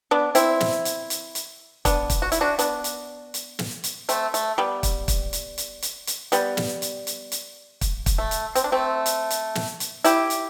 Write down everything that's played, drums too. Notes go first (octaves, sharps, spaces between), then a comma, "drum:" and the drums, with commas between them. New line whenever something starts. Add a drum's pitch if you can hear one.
B3 D4
C4 E4, drum: hi-hat
drum: snare
drum: hi-hat
drum: hi-hat
drum: hi-hat
B3 D4, drum: kick, hi-hat
drum: kick, hi-hat
F#4
E4, drum: hi-hat
D4 F#4
B3 D4, drum: hi-hat
drum: hi-hat
drum: hi-hat
drum: snare
drum: hi-hat
A3 C4, drum: hi-hat
A3, drum: hi-hat
G3 B3
drum: kick, hi-hat
drum: kick, hi-hat
drum: hi-hat
drum: hi-hat
drum: hi-hat
drum: hi-hat
G3 B3, drum: hi-hat
drum: snare
drum: hi-hat
drum: hi-hat
drum: hi-hat
drum: kick, hi-hat
drum: kick, hi-hat
A3
drum: hi-hat
C4, drum: hi-hat
D4
A3 C4
drum: hi-hat
drum: hi-hat
drum: snare
drum: hi-hat
E4 G4, drum: hi-hat
drum: hi-hat